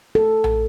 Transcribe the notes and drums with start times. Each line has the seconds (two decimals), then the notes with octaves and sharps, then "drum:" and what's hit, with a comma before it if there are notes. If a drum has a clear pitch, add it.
0.15 A4
0.44 drum: tom A#1